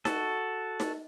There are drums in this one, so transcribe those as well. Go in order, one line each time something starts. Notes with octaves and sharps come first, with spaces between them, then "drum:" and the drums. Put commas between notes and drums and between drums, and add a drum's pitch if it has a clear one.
F#4 A4, drum: snare D#4
drum: snare D#4